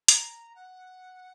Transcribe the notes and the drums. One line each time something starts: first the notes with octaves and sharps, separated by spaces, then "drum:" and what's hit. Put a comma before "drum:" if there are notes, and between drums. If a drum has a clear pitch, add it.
A#5, drum: hi-hat
F#5